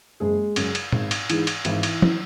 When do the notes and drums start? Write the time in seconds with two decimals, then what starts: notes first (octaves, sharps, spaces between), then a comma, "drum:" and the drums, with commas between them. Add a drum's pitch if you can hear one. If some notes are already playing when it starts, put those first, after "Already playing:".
0.20 F#1 G#3 G#4
0.56 F#2 C#3, drum: cymbal
0.75 drum: cymbal
0.92 G#1, drum: tom
1.11 drum: cymbal
1.30 G#2 E3, drum: cymbal
1.47 drum: cymbal
1.65 G#1 E3 E4, drum: cymbal
1.83 drum: cymbal
2.02 E3, drum: tom